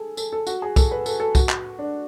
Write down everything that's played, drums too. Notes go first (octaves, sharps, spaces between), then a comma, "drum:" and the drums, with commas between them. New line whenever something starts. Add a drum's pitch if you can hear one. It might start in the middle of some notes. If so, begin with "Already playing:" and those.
Already playing: G#4 A4
A4, drum: tambourine
A4
F#4, drum: tambourine
G#4
A4, drum: kick C2, tambourine
B4
A4, drum: tambourine
A4
F#4, drum: kick C2, tambourine
drum: clap
D4